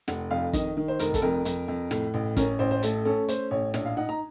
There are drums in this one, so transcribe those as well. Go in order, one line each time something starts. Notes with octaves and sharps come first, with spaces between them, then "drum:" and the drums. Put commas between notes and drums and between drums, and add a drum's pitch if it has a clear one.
F1 F#5, drum: snare
F2 F5
D#3 D#5, drum: kick G1, hi-hat
D#3
C5
F1 A#4, drum: hi-hat
A4, drum: kick G1, hi-hat
F2 A#4
F2, drum: hi-hat
F2
A2, drum: snare
A1
C#4 A#4, drum: kick G1, hi-hat
A1 C5
C5
A3 A4, drum: hi-hat
C#4 A4
A3 C5, drum: hi-hat
A1 C#5
A#1 C#5, drum: snare
F5
D#4 F#5
A#5